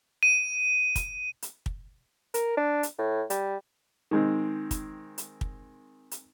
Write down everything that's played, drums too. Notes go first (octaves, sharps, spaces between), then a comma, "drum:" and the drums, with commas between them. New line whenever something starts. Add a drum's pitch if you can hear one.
D#7
drum: kick, hi-hat
drum: hi-hat
drum: kick
A#4, drum: hi-hat
D4
drum: hi-hat
A2
G3, drum: hi-hat
D#3 G#3 C4
drum: kick, hi-hat
drum: hi-hat
drum: kick
drum: hi-hat